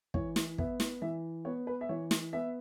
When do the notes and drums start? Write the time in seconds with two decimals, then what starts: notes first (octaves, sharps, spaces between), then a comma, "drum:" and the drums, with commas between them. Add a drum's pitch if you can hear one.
0.14 E3 C#5, drum: kick
0.36 drum: snare
0.58 B3 E5, drum: kick
0.80 drum: snare
1.02 E3 E5
1.45 B3 C#5
1.67 B4
1.81 E5
1.89 E3 C#5
2.11 drum: snare
2.33 B3 E5